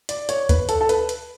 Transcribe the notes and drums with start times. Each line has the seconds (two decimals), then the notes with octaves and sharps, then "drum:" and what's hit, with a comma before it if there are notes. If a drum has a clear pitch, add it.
0.09 D5, drum: hi-hat
0.29 C#5, drum: hi-hat
0.49 B4, drum: kick D2, hi-hat
0.69 A4, drum: hi-hat
0.81 A4
0.89 B4, drum: hi-hat
1.09 drum: hi-hat